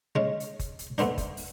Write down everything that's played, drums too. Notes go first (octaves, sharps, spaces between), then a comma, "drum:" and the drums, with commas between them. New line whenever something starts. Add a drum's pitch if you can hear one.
G#3 C#4
drum: hi-hat
drum: kick F#1, hi-hat
drum: hi-hat
A3 B3 C4 D4, drum: hi-hat
drum: kick F#1, hi-hat
drum: open hi-hat